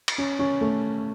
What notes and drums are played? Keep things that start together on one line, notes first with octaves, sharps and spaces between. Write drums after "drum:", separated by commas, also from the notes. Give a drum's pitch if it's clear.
drum: cymbal
C#4
C#4
A3